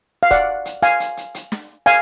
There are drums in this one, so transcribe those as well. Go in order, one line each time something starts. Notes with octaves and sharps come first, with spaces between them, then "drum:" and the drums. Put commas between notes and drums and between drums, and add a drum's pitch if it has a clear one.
F5
D5 F#5, drum: kick, hi-hat
drum: hi-hat
F5 G#5, drum: hi-hat
drum: hi-hat
drum: hi-hat
drum: hi-hat
drum: snare
F5 G#5